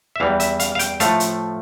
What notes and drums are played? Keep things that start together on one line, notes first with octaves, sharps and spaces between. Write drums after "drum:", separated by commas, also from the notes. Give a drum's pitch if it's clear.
E5
E2 E3 G3 F5
E5, drum: hi-hat
F5, drum: hi-hat
F5
G5, drum: hi-hat
A2 F3 A3 F5, drum: hi-hat
drum: hi-hat